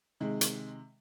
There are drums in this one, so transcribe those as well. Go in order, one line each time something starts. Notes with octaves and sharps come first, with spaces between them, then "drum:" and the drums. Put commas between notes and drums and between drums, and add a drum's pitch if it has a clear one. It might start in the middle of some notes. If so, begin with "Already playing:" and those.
C3 D#3 G#3
drum: hi-hat